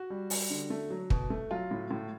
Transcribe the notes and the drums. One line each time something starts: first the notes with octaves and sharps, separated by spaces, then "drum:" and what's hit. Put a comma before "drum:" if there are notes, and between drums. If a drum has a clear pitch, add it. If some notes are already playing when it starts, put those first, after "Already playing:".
Already playing: F#4
G3
G3, drum: open hi-hat
D3
A3
F#3
B2, drum: kick
A3
F#3 F4
A2
A2